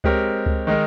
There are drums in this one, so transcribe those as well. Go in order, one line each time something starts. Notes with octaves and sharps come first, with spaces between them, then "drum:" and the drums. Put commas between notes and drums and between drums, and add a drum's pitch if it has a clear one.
G#3 C4 G4 A#4 C#5, drum: kick C#2
drum: kick C#2
D#3 G#3 D#4 A#4